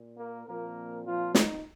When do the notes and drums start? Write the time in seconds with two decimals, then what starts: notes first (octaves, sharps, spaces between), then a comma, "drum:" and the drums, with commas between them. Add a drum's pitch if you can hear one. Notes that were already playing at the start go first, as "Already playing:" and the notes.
Already playing: A#2
0.18 A#3 A#4
0.47 A#2 F3 A#3 C4 A#4
1.05 F3 F4
1.35 D#4, drum: snare